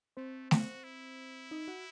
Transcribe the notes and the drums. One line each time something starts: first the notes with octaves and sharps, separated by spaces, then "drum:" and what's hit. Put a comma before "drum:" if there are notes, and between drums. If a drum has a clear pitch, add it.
A3 C4 C5
F#4, drum: snare A3
E4
D#4 D#5
F#4 F#5